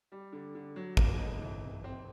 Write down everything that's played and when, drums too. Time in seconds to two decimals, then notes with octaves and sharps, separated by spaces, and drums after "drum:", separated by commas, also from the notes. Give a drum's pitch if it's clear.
0.12 G3
0.33 D3
0.55 D3
0.76 F#3
0.97 A#2, drum: kick
1.19 D#4
1.41 E3
1.63 C3
1.84 C4